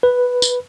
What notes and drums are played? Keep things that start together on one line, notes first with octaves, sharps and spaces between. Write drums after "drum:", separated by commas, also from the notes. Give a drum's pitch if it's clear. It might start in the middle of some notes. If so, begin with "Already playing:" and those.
B4
drum: tambourine